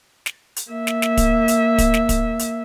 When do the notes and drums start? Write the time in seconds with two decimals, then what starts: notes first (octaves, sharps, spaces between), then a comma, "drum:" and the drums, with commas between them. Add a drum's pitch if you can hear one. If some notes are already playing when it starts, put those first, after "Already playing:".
0.26 drum: snare
0.56 drum: hi-hat
0.72 A#3 E5
0.87 drum: snare
1.02 drum: snare
1.17 drum: kick, hi-hat
1.48 drum: hi-hat
1.78 drum: kick, hi-hat
1.94 drum: snare
2.09 drum: kick, hi-hat
2.39 drum: hi-hat